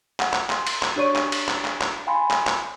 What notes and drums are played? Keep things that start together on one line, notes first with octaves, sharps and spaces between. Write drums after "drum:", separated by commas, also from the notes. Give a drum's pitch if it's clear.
F#5, drum: clap
drum: clap
C6, drum: clap
drum: cymbal
drum: clap
D4 G4 C#5 D5 C#6 D#7
drum: clap
drum: cymbal
drum: clap
drum: clap
drum: clap
F5 G5 G#5 B5 C6
drum: clap
drum: clap